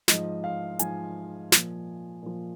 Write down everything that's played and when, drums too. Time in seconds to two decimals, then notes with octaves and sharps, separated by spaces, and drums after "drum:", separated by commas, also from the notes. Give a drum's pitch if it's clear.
0.08 G#2 F3 D#5, drum: snare
0.44 F5
0.79 G#2 F3 G#5, drum: hi-hat
1.52 A#2 F3, drum: snare
2.23 A#2 F3